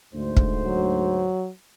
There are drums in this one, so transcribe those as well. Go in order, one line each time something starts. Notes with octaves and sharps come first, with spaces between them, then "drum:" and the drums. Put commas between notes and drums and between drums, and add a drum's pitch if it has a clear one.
D2 G#2 C5
drum: kick
F#3